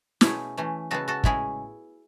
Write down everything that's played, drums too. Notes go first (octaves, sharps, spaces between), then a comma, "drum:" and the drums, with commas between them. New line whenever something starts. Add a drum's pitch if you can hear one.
B2 A3 C#4 E4 G#4, drum: snare
E3 A3 C#4
C#3 G#3 B3 F#4 A4
F#4 A4
A2 G#3 C#4 E4 G#4, drum: kick